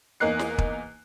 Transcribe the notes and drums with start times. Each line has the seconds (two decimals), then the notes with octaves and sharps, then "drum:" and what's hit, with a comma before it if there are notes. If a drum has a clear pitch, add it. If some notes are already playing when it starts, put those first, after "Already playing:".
0.20 E2 A#3 D#4 F#6 C7
0.39 drum: snare
0.58 drum: kick